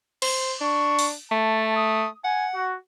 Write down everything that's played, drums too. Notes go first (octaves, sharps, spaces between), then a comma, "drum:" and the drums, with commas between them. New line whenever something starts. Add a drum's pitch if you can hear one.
C5, drum: cymbal
D4 C#6
drum: open hi-hat
A3 A5
D#6
F#5 G#5
F#4